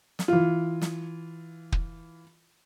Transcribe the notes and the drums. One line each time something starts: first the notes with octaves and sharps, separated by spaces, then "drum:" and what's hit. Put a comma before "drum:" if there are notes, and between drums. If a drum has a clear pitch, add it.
drum: snare
E3 F4
drum: snare
drum: kick